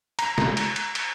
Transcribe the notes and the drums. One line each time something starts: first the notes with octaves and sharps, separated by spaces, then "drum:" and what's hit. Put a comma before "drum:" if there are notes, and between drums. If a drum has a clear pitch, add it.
A#5, drum: cymbal
drum: snare
drum: cymbal
drum: cymbal
drum: cymbal